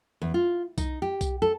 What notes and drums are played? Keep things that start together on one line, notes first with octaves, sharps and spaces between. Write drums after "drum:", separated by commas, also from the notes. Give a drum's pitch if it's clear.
E2
F4
D#4, drum: kick B1, tambourine
G4
drum: kick B1, tambourine
A4